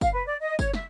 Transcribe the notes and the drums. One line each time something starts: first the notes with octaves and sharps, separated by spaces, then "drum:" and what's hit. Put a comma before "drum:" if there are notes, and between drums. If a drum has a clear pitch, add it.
F5, drum: kick, tambourine
B4
D5
D#5
C#5, drum: kick, tambourine
E5, drum: snare